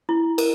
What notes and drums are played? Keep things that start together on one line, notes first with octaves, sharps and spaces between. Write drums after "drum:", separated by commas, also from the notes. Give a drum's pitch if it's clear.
E4
A#4, drum: cymbal